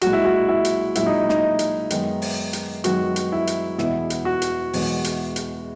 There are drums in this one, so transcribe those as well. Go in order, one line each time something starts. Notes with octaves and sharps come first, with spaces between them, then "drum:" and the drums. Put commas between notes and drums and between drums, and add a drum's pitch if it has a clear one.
B1 A#2 G#3 F#4, drum: hi-hat
E4
F#4
E4
drum: hi-hat
B1 A#2 G#3 E4, drum: hi-hat
D#4
D#4, drum: snare
drum: hi-hat
F#2 D#3 G#3 B3, drum: hi-hat
drum: open hi-hat
drum: hi-hat
F#2 D#3 G#3 B3 F#4, drum: hi-hat
drum: hi-hat
E4
drum: hi-hat
E2 B2 G#3 B3 E4, drum: snare
drum: hi-hat
F#4
drum: hi-hat
E2 B2 G#3 B3, drum: open hi-hat
drum: hi-hat
drum: hi-hat